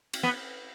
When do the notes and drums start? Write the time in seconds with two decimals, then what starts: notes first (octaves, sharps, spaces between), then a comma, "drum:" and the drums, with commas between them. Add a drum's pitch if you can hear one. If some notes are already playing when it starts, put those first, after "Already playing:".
0.13 drum: cymbal
0.23 B3